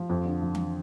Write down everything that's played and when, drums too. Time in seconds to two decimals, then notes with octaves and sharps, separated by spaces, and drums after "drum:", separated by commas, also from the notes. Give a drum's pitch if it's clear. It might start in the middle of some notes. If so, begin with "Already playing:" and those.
Already playing: F3
0.09 F2
0.25 D3
0.42 F3
0.55 drum: tom E3